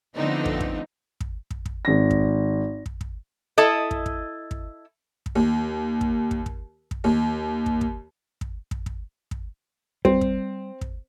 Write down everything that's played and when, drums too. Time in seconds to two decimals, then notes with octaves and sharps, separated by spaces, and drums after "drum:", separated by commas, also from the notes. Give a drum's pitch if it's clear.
0.15 D3 F3 A3 B3 C4 D#4
0.45 drum: kick
0.60 drum: kick
1.20 drum: kick
1.51 drum: kick
1.66 drum: kick
1.85 G#1 A#6
2.11 drum: kick
2.86 drum: kick
3.01 drum: kick
3.58 E4 A4 D#5
3.91 drum: kick
4.06 drum: kick
4.51 drum: kick
5.26 drum: kick
5.35 D#2
6.01 drum: kick
6.31 drum: kick
6.46 drum: kick
6.91 drum: kick
7.04 D#2
7.66 drum: kick
7.81 drum: kick
8.41 drum: kick
8.71 drum: kick
8.86 drum: kick
9.31 drum: kick
10.05 G3 C4, drum: kick
10.21 drum: kick
10.81 drum: kick